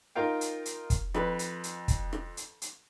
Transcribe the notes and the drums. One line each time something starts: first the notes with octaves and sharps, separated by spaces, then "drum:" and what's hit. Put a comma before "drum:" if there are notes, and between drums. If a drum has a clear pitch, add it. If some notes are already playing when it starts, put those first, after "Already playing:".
D#4 F4 A#4 F5 G5
drum: hi-hat
drum: hi-hat
drum: kick, hi-hat
F2 B4, drum: rim click
drum: hi-hat
drum: hi-hat
drum: kick, hi-hat
drum: rim click
drum: hi-hat
drum: hi-hat